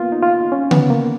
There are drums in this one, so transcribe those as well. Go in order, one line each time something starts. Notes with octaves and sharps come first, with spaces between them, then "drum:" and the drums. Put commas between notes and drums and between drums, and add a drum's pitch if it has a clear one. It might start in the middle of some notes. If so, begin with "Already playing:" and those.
Already playing: A#3 B3 F4
D#4
F4
C#4
B3, drum: tom C#3
A#3